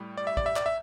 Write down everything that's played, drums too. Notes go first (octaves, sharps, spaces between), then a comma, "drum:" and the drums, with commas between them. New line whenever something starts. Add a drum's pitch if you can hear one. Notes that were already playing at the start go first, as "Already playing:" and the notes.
Already playing: A2 G3
D5
E5
D5, drum: kick
E5
D5, drum: clap
E5